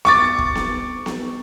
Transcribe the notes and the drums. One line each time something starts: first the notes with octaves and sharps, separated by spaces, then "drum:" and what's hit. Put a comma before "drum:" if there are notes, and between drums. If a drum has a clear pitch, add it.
C#6 D6 A6, drum: snare B3
drum: kick
drum: snare B3
drum: snare B3